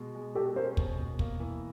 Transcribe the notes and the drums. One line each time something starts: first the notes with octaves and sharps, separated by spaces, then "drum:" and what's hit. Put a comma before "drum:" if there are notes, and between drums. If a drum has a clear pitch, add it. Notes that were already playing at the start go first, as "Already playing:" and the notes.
Already playing: B2 G#3 F#4
G#3
F#4 G4 A4
C#4 A#4 C5
B2, drum: kick
B2
A#3, drum: kick
E3